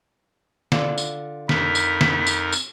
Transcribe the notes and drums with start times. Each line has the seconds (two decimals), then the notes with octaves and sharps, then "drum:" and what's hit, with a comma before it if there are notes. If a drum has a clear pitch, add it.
0.72 D3 F4, drum: snare
0.98 drum: tambourine
1.49 F2 D#4 A#4 B5, drum: snare
1.75 drum: tambourine
2.01 drum: snare
2.27 drum: tambourine
2.52 drum: tambourine